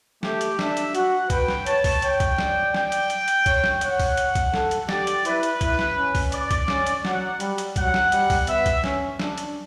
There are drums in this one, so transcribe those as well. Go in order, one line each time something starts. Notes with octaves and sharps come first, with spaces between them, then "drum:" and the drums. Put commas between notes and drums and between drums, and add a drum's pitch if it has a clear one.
A3 G4, drum: snare
drum: hi-hat
D4 E5, drum: snare
drum: hi-hat
F#4 F#5, drum: hi-hat
B4 G5, drum: kick C2, hi-hat
drum: snare
C#5 A5, drum: hi-hat
drum: kick C2, open hi-hat
C#5 G5, drum: hi-hat
drum: kick C2, hi-hat
D5, drum: snare
G5, drum: snare
drum: hi-hat
drum: hi-hat
drum: hi-hat
C#5, drum: kick C2, hi-hat
drum: snare
C#5 F#5, drum: hi-hat
drum: kick C2, open hi-hat
drum: hi-hat
drum: kick C2, hi-hat
A4, drum: snare
drum: hi-hat
G4 D5, drum: snare
drum: hi-hat
E4 B4, drum: hi-hat
drum: hi-hat
E4, drum: kick C2, hi-hat
drum: snare
C#4
drum: kick C2, open hi-hat
D5, drum: hi-hat
drum: kick C2, hi-hat
C#4, drum: snare
drum: hi-hat
F#3 F#5, drum: snare
G3, drum: hi-hat
drum: hi-hat
F#3 F#5, drum: kick C2, hi-hat
drum: snare
G3, drum: hi-hat
drum: kick C2, open hi-hat
B3 E5, drum: hi-hat
drum: kick C2, hi-hat
C#4, drum: snare
D4, drum: snare
drum: hi-hat